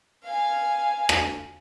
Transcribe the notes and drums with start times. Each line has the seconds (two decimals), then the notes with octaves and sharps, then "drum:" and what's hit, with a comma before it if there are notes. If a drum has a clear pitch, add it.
0.24 F5 G#5
1.09 drum: rim click